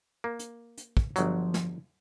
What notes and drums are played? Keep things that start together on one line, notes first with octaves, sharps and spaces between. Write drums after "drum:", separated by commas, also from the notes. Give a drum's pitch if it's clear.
A#3
drum: hi-hat
drum: hi-hat
drum: kick
G1 F3 F#3, drum: hi-hat
drum: snare